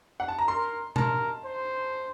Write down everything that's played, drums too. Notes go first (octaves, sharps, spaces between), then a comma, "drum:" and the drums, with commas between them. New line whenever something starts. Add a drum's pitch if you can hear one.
F#5
A5
A#5
A#4 C6
A#4 A5, drum: tom B2
C5